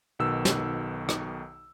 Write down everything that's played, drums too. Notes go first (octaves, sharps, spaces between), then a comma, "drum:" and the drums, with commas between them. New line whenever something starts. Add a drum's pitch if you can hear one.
B1 B2 D#3 E6
drum: snare
drum: rim click